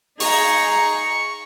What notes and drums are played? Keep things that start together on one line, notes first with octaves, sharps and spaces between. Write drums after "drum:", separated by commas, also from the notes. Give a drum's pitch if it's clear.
D#4 G#4 A#5 C#6, drum: open hi-hat